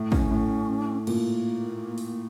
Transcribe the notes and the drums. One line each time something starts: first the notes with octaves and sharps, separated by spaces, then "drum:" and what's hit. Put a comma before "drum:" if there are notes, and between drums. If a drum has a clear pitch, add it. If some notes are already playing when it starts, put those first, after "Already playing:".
Already playing: A2
C#4, drum: kick
A2
A#2 A#3, drum: cymbal
drum: open hi-hat